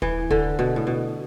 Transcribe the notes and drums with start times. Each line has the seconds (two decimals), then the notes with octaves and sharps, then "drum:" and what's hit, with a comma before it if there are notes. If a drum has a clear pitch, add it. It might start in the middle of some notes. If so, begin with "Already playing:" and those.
0.02 E3, drum: kick D#1
0.31 D3, drum: kick D#1
0.59 B2
0.76 A2
0.87 B2